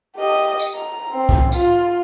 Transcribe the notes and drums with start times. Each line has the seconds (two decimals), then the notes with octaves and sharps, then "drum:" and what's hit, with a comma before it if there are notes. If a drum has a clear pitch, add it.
0.17 G4 D#5
0.59 drum: tambourine
0.75 A#5
1.12 C4
1.29 drum: kick C2
1.52 F4, drum: tambourine